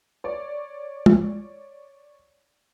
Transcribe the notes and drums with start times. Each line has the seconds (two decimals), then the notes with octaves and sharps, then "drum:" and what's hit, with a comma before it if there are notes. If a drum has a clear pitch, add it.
0.24 C#5 D5
1.06 drum: tom G#3